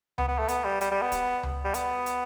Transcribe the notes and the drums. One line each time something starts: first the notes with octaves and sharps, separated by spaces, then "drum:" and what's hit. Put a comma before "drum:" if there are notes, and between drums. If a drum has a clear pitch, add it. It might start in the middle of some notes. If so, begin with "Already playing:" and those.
B3, drum: tom C#2
B3
A3
B3, drum: hi-hat
G3
G3, drum: hi-hat
G3
B3
drum: kick, hi-hat
drum: tom C#2
G3
B3, drum: hi-hat
drum: hi-hat